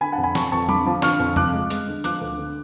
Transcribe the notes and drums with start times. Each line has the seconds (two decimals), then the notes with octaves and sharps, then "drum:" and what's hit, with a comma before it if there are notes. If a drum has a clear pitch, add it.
0.01 D3 G#5 B5
0.12 F#5 A5
0.18 F2
0.23 G#5 B5
0.35 F2 A5 C#6, drum: snare
0.52 F2 A5 C#6
0.69 D3 B5 D6, drum: tom F#3
0.86 F3
1.02 D3 C#6 F6, drum: snare
1.19 F2
1.36 F3 D6 F#6, drum: tom E2
1.53 G#3
1.70 G#3, drum: hi-hat
1.87 D3
2.04 F3 D6 F#6, drum: hi-hat
2.21 D2
2.38 D3